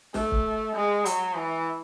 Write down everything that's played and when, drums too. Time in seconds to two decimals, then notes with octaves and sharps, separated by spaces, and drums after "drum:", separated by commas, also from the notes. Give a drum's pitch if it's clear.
0.14 A3, drum: snare
0.31 drum: kick C#1
0.75 G#3
1.05 F#3, drum: hi-hat
1.36 E3